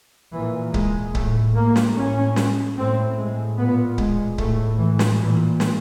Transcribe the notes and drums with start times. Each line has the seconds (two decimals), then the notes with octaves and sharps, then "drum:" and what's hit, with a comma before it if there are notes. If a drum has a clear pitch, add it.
0.34 A#2 E3
0.74 G#3, drum: kick C#1
1.15 A2 A3, drum: kick C#1
1.55 A#3
1.76 drum: snare
1.96 A2 C#4
2.36 drum: snare
2.77 A2 C4
3.18 G#3
3.57 A#2 B3
3.98 G#3, drum: kick C#1
4.38 A2 A3, drum: kick C#1
4.79 E3
4.99 drum: snare
5.19 A#2 E3
5.60 drum: snare